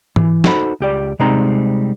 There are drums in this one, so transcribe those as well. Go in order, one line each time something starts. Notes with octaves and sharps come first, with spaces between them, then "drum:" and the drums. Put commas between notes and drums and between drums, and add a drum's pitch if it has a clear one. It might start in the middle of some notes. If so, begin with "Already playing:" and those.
E3, drum: tom G#2
D#4 F#4 A4 C5 B5, drum: snare
C#2 G4 D5
C3 G3 G#3 C4 D#4 A#5